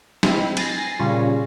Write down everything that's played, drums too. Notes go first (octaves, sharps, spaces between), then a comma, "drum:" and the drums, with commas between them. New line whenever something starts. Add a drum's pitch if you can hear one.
G#3 C4 E4, drum: snare
G#5 A6 A#6 C7, drum: cymbal
A#2 C#3 G3 C#4 F4